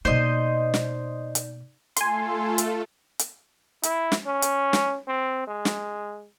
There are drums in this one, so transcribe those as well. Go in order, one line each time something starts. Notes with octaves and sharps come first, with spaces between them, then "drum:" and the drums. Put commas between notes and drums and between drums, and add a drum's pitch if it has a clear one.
B2 A#3 D#4 C5 D5 D#5 G6
drum: snare
drum: hi-hat
A3 F4 A4 G#5 C6, drum: hi-hat
drum: hi-hat
drum: hi-hat
E4, drum: hi-hat
drum: snare
C#4
drum: hi-hat
drum: snare
C4
G#3
drum: snare